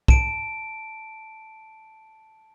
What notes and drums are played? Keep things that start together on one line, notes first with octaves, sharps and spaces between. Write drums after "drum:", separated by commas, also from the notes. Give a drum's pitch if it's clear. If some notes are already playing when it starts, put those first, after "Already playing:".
A5 D7, drum: kick B1